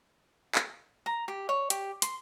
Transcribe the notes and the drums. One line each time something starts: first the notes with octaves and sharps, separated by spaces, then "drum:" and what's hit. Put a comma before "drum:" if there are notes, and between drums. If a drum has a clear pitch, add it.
drum: clap
A#5
G4
C#5
G4, drum: hi-hat
C6, drum: hi-hat